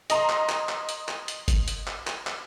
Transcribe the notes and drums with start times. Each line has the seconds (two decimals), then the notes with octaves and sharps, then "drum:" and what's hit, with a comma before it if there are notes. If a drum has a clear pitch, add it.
0.10 D#5 A#5 C6, drum: hi-hat
0.29 drum: clap
0.49 drum: clap
0.69 drum: clap
0.89 drum: hi-hat
1.08 drum: clap
1.28 drum: hi-hat
1.48 drum: kick G1, hi-hat
1.68 drum: hi-hat
1.87 drum: clap
2.07 drum: clap
2.27 drum: clap